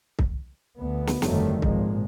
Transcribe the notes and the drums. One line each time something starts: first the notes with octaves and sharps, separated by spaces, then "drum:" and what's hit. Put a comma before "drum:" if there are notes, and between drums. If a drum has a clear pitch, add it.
drum: kick C2
D2 B3
drum: snare
F1 G2 D3 D#3 F#3 A3, drum: snare
G#1 A#2 F3 G#3, drum: kick C2